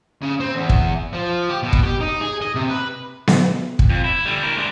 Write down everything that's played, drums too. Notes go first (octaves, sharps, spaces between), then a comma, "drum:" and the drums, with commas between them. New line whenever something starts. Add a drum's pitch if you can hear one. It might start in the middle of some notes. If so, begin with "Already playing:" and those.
C#3
C4
E2
drum: kick
F3
G4
B2
drum: kick
G4
D#4
G#4
D#5
C3
B4
drum: snare B3
drum: kick
F2
E4
D3 G3
E4 A#4
G#3 D4